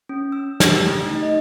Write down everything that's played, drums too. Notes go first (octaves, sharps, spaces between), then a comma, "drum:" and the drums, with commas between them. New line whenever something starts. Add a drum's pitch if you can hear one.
C#4
E6
G4, drum: snare
A3
D#4
D#5